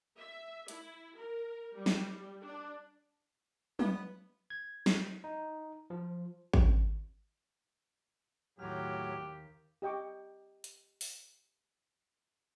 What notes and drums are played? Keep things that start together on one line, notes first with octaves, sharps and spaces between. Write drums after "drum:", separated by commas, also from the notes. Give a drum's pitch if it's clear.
E5
E4, drum: hi-hat
A#4
G3
drum: snare
D4
B3, drum: tom
G#6
drum: snare
D#4
F3
drum: kick G#1
D#2 A2 F#3 G4 F6
G4 D#5 G5 C#6 D6
drum: hi-hat
drum: open hi-hat